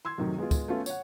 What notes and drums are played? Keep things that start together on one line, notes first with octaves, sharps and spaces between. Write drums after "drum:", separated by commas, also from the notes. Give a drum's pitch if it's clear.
C6 E6 G#6
F#2 A2 C3 D#3 F#3
G#3 B3 F4
drum: kick, tambourine
A3 B3 C#4 F4
C#5 F#5, drum: tambourine